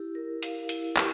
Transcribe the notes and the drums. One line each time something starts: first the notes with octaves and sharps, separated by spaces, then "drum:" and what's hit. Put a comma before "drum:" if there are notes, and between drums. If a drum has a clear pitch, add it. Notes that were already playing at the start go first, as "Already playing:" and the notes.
Already playing: E4 G4
A#4
F5, drum: hi-hat
E4, drum: hi-hat
G4, drum: clap